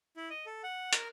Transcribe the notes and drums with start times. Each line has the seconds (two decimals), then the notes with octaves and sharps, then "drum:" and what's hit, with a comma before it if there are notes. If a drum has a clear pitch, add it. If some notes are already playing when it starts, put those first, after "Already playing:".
0.16 E4
0.30 D#5
0.46 A4
0.63 F#5
0.93 A#4, drum: hi-hat